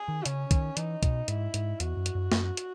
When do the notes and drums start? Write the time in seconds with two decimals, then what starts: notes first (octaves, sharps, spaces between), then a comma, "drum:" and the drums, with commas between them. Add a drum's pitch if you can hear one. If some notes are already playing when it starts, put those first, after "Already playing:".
Already playing: G#4
0.08 D#3
0.25 C#3 C#4, drum: hi-hat
0.51 D#3, drum: kick C2, hi-hat
0.77 E3 D#4, drum: hi-hat
1.03 B2, drum: kick C2, hi-hat
1.28 G#2 E4, drum: hi-hat
1.54 G#2, drum: hi-hat
1.80 E2 F#4, drum: hi-hat
1.97 F#2
2.06 drum: hi-hat
2.15 F#2
2.32 F#2, drum: snare
2.57 drum: hi-hat